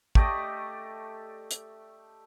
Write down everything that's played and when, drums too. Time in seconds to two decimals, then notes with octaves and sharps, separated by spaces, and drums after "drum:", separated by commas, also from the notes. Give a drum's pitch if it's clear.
0.15 A3 G4 D5 D#5, drum: kick
1.51 drum: hi-hat